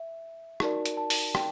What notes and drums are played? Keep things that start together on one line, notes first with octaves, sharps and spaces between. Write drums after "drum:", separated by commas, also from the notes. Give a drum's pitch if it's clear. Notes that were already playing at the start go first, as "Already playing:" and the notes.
Already playing: E5
D#4 F#4 A#4 D5 A5, drum: rim click
drum: hi-hat
A5
drum: open hi-hat
G5, drum: rim click